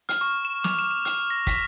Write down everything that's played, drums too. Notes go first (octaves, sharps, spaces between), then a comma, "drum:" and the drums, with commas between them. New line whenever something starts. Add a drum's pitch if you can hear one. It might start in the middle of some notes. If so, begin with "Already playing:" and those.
F6, drum: hi-hat
C#6
E7
D6, drum: snare
E7
E7
F6, drum: hi-hat
A#6
B6, drum: kick, hi-hat